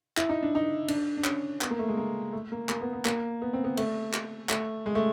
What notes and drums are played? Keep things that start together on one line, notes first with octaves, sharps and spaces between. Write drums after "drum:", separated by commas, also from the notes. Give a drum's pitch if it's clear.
E4, drum: clap
D#4
D4
D#4
D4, drum: cymbal
D4
C#4, drum: clap
B3, drum: clap
A#3
A3
G#3
A#3
A3
A#3
A#3, drum: clap
B3
B3
A#3, drum: clap
B3
C4
B3
A3, drum: cymbal
drum: clap
A3, drum: clap
G#3
A3